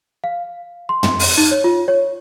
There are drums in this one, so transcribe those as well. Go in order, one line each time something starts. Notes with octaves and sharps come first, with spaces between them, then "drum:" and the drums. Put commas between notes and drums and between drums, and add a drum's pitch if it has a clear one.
F5
C6
drum: tom
drum: open hi-hat
D#4
C#5
F4
C#5